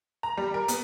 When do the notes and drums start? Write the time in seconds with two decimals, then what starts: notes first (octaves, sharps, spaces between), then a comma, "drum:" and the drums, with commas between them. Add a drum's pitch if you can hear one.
0.23 A#5
0.37 G3
0.54 A#4
0.68 B3, drum: hi-hat